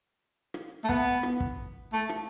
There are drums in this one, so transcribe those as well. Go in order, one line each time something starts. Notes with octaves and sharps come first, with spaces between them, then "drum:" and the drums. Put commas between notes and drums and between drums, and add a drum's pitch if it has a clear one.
drum: rim click
A3
B3, drum: kick
drum: rim click
drum: kick
A3
drum: rim click